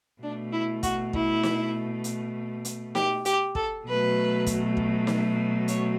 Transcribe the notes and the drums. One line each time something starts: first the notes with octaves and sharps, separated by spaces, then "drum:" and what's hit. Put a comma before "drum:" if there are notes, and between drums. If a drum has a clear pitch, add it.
B2 A3 D4
E4
F#4, drum: kick, hi-hat
E4, drum: kick
drum: snare
drum: hi-hat
drum: hi-hat
G4, drum: snare
G4, drum: hi-hat
A4, drum: kick
B2 F#3 A3 B4
drum: kick, hi-hat
drum: kick
drum: snare
C#5, drum: hi-hat